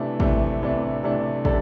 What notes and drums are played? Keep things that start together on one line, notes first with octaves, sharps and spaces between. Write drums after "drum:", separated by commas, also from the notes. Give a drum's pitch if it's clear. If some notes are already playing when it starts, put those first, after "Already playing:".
Already playing: C3 E3 A3 D4
C3 E3 A3 D4, drum: kick
C3 E3 A3 D4
C3 E3 A3 D4
C3 G3 D4 A4, drum: kick